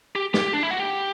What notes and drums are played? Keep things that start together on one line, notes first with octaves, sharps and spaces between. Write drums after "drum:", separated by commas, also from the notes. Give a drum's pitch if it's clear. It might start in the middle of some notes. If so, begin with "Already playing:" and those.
G4
G4, drum: snare
D4
E4
F#4
G4